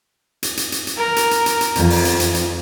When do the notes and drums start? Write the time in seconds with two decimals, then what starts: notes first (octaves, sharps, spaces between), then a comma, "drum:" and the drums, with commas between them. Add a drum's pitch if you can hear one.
0.43 drum: hi-hat
0.57 drum: hi-hat
0.72 drum: hi-hat
0.87 drum: hi-hat
0.97 A#4
1.16 drum: hi-hat
1.31 drum: hi-hat
1.46 drum: hi-hat
1.61 drum: hi-hat
1.75 F2, drum: hi-hat
1.90 drum: open hi-hat
2.05 drum: hi-hat
2.20 drum: hi-hat
2.34 drum: hi-hat